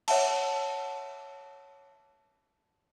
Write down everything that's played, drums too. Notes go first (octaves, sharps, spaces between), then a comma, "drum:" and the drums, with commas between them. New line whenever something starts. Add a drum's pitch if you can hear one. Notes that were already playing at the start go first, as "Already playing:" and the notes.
C#5 E5 F#5 A5, drum: cymbal